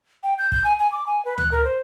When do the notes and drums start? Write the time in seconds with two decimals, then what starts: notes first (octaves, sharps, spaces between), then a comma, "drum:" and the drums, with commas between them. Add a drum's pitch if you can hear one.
0.23 G5
0.38 G6
0.52 G6, drum: kick
0.64 G#5
0.79 G#5
0.92 D6
1.07 G#5
1.25 B4
1.38 F#6, drum: tom D2
1.52 A#4
1.65 C5